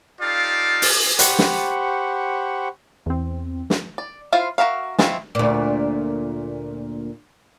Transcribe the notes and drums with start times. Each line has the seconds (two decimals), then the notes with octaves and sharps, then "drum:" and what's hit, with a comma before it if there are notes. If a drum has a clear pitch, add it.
0.21 D#4 F4 G4 A4 D5 F5
0.82 drum: open hi-hat
1.19 G4 C5 F#5 B5 C#6, drum: hi-hat
1.39 drum: snare
3.06 E2 C4
3.70 drum: snare
3.98 D5
4.33 E4 F4 C5 F5
4.58 F#4 A#4 E5 F5
4.99 G#3 A3 C4 E4 F4, drum: snare
5.35 D2 A#2